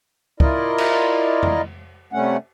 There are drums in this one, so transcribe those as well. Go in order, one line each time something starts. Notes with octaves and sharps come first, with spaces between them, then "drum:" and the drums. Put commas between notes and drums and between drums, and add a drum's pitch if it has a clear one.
E4 F4 A#4 D5 D#5, drum: kick
drum: cymbal
drum: tom F2
C3 G3 A3 C#4 F#5